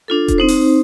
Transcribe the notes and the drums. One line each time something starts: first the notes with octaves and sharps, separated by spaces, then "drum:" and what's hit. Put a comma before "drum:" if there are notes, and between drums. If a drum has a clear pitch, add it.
D4 F4 A4
drum: kick E1, hi-hat
C4 D#4 C5
drum: open hi-hat